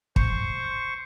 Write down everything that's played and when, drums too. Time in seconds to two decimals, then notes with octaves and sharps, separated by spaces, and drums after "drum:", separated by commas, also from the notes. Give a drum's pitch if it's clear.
0.16 C5 C#6, drum: kick